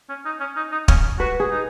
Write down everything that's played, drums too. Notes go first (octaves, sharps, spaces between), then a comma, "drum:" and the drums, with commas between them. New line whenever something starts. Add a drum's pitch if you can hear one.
C#4
D#4
C#4
D#4
D#4
C#4, drum: kick
F#4 B4
G#4
D#4